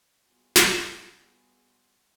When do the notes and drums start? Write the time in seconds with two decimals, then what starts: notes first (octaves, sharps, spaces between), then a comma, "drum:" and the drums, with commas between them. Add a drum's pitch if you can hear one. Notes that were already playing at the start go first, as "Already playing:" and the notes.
0.19 G3 B3 F4 F#4 G#4
0.56 drum: snare